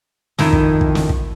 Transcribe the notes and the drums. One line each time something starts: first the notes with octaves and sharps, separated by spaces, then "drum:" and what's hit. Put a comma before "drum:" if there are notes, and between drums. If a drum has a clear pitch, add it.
F2 D#3 E4, drum: snare
drum: kick
drum: kick
drum: snare
drum: kick